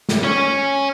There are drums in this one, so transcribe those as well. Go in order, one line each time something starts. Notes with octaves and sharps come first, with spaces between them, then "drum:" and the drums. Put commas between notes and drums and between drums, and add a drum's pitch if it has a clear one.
drum: snare
C#4 C#5